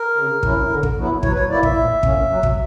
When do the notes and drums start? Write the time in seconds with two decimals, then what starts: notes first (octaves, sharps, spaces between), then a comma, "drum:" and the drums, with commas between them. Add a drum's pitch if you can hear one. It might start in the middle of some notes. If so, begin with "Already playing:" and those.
Already playing: A#4
0.16 C#3
0.43 F#3 C#4 E4, drum: kick
0.69 D3
0.83 drum: kick
0.96 F#3 B3 E4
1.23 F#3 C#5, drum: kick
1.33 B4
1.36 C#5
1.50 A#3 E4 D5
1.63 E5, drum: kick
1.76 A#2
2.03 A#3 C#4, drum: kick
2.30 F#3
2.43 drum: kick